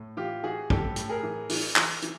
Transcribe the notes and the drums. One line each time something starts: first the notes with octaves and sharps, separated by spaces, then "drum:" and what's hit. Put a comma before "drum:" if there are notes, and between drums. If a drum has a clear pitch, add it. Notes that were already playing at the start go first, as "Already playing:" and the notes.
Already playing: A2
E3 F4 G4
E3 F#4 G#4
A2 G4 A4, drum: kick
A2, drum: hi-hat
G#4 A#4
E3
E3, drum: open hi-hat
E3, drum: clap
E3, drum: hi-hat